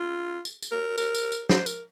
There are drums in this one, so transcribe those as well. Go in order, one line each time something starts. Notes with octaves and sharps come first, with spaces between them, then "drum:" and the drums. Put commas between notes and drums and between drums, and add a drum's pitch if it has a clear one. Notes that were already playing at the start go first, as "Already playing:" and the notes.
Already playing: F4
drum: tambourine
drum: tambourine
A#4
A#4, drum: tambourine
drum: tambourine
drum: tambourine
C5, drum: snare
A#4, drum: tambourine